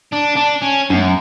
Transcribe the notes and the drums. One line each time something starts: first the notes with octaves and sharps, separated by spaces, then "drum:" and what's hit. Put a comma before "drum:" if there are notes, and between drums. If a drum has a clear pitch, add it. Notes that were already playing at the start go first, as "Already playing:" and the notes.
D4
D4
C#4
F#2, drum: tom